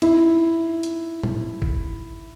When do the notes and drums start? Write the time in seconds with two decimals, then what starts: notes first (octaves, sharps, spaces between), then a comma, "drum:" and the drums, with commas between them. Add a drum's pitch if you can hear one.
0.02 E4, drum: cymbal
0.83 drum: hi-hat
1.23 drum: tom A2
1.62 drum: kick